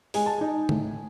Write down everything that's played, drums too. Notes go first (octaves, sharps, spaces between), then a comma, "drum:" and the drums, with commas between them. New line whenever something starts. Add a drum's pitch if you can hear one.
G#3 G#5, drum: open hi-hat
A5
D#4 G#5
A2, drum: tom D3